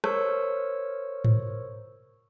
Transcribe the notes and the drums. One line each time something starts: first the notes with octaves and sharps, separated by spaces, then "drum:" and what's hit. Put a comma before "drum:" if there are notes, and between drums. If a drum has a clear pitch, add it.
A#4 C5 C#5 C#6 E6, drum: rim click
drum: tom G#2